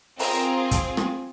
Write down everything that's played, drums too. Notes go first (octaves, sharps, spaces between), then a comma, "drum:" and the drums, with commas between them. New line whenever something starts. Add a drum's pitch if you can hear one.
C4 F4 G#4 A#4 A#5, drum: open hi-hat
drum: kick, hi-hat
drum: rim click